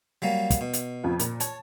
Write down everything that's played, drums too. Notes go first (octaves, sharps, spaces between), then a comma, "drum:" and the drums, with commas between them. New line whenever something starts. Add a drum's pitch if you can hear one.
F#3 G3 A#3
drum: kick, hi-hat
B2
drum: hi-hat
F2 F3 F4
A#2, drum: hi-hat
C#5 A5, drum: hi-hat